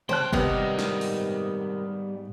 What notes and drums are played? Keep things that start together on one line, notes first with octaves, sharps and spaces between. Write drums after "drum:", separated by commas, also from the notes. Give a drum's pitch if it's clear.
C#2 C5 C#5 G5 A5 F#6, drum: tom
G#2 C3 D#3 G3 B3 D#4 F#5, drum: kick F#1
drum: snare
drum: open hi-hat